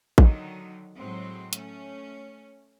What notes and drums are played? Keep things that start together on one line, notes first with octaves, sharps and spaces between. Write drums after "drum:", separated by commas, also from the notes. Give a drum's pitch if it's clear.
D3 D#3 F#3 D#4, drum: kick A1
A2 F#3 G#3 C4
A3 C#4, drum: hi-hat